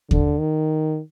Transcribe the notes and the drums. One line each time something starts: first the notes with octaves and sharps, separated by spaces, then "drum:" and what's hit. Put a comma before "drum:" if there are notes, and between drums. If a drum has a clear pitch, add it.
D3, drum: kick D#2
D#3